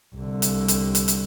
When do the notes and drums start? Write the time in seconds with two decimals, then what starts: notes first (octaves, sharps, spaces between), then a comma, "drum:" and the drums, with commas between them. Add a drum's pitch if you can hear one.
0.16 C2 D3
0.42 drum: hi-hat
0.68 drum: hi-hat
0.95 drum: hi-hat
1.08 drum: hi-hat